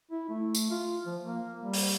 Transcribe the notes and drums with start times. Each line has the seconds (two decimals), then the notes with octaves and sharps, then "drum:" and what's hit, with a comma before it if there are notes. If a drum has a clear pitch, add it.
0.11 E4
0.29 A3
0.55 drum: tambourine
0.71 F4
1.06 F3
1.23 A#3
1.61 G3
1.73 drum: open hi-hat